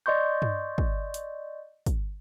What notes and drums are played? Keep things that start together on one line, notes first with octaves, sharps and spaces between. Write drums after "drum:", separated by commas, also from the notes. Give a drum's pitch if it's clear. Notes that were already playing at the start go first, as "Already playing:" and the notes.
D5 D#5 C6 C#6 G6
drum: tom G2
drum: kick
drum: hi-hat
drum: kick, hi-hat